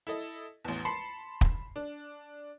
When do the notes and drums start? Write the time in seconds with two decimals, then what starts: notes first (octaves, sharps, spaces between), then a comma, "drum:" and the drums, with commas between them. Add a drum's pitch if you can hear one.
0.07 E4 A4 D#5
0.65 A1 E2
0.85 A5 B5 C6 C7 C#7
1.41 drum: kick
1.76 D4